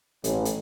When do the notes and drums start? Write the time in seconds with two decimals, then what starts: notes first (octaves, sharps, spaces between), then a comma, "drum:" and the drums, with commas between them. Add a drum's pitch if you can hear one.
0.24 A1, drum: hi-hat
0.45 drum: hi-hat